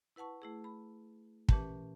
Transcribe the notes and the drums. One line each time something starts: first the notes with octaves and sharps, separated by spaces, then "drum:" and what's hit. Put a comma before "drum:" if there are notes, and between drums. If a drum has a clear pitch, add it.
E4 B4 F#5 A5 C#6
A3 E4 G#4
B5
A#2 E3 C#4 G4 B4 A5, drum: kick